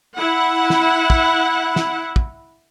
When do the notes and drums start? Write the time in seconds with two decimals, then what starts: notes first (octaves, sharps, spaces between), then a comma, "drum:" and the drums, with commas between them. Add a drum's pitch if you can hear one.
0.17 E4 F#5
0.70 drum: snare
1.10 drum: kick
1.76 drum: snare
2.16 drum: kick